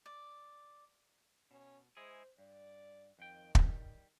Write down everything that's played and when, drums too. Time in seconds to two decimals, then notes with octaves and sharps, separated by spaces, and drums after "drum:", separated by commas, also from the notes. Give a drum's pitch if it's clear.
0.06 D5
1.51 B2 C#4
1.97 G#3 E4 G#4 C5
2.38 G2 D5
3.19 F2 D#3 G5
3.55 G3, drum: kick